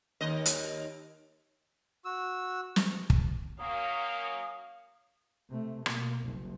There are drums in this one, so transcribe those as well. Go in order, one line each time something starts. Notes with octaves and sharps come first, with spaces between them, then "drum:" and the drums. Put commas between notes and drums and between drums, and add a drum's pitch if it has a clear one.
D#2 D#5
drum: hi-hat
F#4 E6
drum: snare
drum: kick
F#3 A#3 C#4 F5 D#6
C3 A3
B2 A#3, drum: rim click
F#1 C2